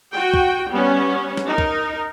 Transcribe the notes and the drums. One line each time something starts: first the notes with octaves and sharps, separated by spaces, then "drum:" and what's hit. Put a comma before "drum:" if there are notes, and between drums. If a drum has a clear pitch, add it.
F#4 G5
drum: kick
G3 B3 C#4
drum: snare
D#4 A#4
drum: kick